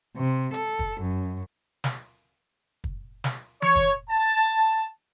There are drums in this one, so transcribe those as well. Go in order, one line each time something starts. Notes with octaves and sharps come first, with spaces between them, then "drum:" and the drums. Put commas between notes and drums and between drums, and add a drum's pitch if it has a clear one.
C3
A4, drum: hi-hat
drum: kick
F#2
drum: snare
drum: kick
drum: snare
C#5, drum: tom E3
drum: kick
A5